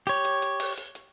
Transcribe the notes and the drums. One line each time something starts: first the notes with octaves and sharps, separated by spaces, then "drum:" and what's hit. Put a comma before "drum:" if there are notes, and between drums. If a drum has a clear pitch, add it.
G4 C#5, drum: hi-hat
drum: hi-hat
drum: hi-hat
drum: open hi-hat
drum: hi-hat
drum: hi-hat